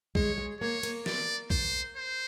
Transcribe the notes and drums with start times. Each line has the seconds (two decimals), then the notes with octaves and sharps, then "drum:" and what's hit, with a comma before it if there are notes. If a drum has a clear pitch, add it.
0.15 G#3 C#5, drum: kick A#1
0.38 G#3
0.60 A#3 C#5
0.83 A#3, drum: cymbal
1.06 D5, drum: snare
1.50 C5, drum: kick A#1
1.96 C5